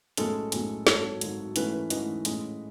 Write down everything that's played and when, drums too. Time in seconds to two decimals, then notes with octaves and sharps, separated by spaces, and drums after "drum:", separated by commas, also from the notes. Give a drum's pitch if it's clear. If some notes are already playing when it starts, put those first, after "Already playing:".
0.17 B1 A2 G#3 C#4 A4, drum: hi-hat
0.52 B1 A2 G#3 C#4, drum: hi-hat
0.87 G#1 G#2 F#3 A4 C#5, drum: snare
1.21 G#1 G#2 F#3, drum: hi-hat
1.56 G#2 E3 A3 C#4 E4 B4, drum: hi-hat
1.74 B4
1.90 G#2 E3 A3 C#4 E4 B4 D#5, drum: hi-hat
2.25 A2 G#3 C#4 E4, drum: hi-hat